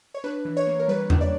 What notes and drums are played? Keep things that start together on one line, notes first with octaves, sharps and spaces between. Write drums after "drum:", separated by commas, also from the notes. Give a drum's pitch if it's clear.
C#5
D4 B4
E3
C#5
A#3
A#4
G3 B4
D4, drum: tom E2
D5